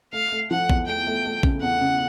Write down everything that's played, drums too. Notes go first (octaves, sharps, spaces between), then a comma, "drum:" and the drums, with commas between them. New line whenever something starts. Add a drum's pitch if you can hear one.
A3 F5
A3
F3 F#5
E2, drum: kick
A3 G5
A3
A3
C#3, drum: kick
E2 F#5
C#3